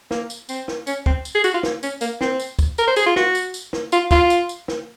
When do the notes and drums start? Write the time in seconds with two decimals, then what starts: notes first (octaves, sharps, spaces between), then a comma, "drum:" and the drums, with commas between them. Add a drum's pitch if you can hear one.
0.11 A#3, drum: snare
0.30 drum: tambourine
0.49 C4, drum: tambourine
0.68 drum: snare
0.87 C#4, drum: tambourine
1.06 C4, drum: kick
1.25 drum: tambourine
1.35 G#4
1.44 F#4, drum: tambourine
1.54 F4
1.63 drum: snare
1.83 C#4, drum: tambourine
2.01 A#3, drum: tambourine
2.21 C4, drum: snare
2.40 drum: tambourine
2.59 drum: kick, tambourine
2.78 A#4, drum: tambourine
2.87 C5
2.96 G#4, drum: tambourine
3.06 F4
3.16 F#4, drum: snare
3.35 drum: tambourine
3.54 drum: tambourine
3.73 drum: snare
3.92 F4, drum: tambourine
4.11 F4, drum: kick, tambourine
4.30 drum: tambourine
4.49 drum: tambourine
4.68 drum: snare